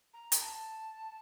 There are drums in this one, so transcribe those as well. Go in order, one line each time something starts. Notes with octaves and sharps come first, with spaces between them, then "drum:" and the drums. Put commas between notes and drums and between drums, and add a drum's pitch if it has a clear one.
A#5
drum: hi-hat
A5